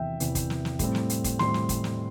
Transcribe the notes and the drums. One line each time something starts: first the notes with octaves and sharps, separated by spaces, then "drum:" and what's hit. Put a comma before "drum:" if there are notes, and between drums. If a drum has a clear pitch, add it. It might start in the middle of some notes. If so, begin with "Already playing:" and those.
Already playing: E2 C3 E3 E5 G5
E2 C3 E3, drum: hi-hat
drum: kick, hi-hat
drum: snare
drum: snare
A2 G3 C4, drum: kick, hi-hat
drum: snare
drum: hi-hat
drum: kick, hi-hat
A2 G3 C4 C6, drum: snare
drum: snare
drum: kick, hi-hat
drum: snare